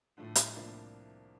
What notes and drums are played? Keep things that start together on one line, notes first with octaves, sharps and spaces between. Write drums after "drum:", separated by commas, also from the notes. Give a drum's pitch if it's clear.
A2 D3 F3 A3
drum: hi-hat
C2 C3 F3 A#3 D4